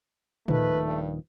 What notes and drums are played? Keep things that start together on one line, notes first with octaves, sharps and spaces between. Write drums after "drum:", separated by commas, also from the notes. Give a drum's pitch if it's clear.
D#1 D#3 F3 A3 B4, drum: tom
G2